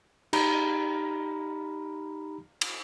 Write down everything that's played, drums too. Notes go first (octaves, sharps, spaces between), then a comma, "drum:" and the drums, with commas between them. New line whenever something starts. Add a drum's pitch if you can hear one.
D#4 G4 A#5 B5, drum: cymbal
drum: cymbal